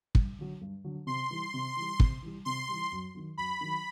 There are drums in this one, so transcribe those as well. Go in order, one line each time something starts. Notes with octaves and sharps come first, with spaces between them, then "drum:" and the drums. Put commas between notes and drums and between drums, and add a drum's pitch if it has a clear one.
G2, drum: kick
D3 F#3
G2
D3 F#3
C3 C6
E3 G3
C3
E3 G3
C3, drum: kick
E3 G3
C3 C6
E3 G3
F#2
D#3 F#3
F#2 B5
D#3 F#3